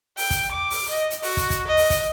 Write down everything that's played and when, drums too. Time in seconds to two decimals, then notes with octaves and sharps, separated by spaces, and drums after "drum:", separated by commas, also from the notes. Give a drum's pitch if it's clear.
0.17 G5, drum: open hi-hat
0.30 drum: kick, hi-hat
0.51 D6
0.70 drum: open hi-hat
0.89 D#5
1.10 drum: hi-hat
1.22 F#4, drum: open hi-hat
1.37 drum: kick, hi-hat
1.50 drum: kick, hi-hat
1.67 D#5
1.77 drum: open hi-hat
1.90 drum: kick, hi-hat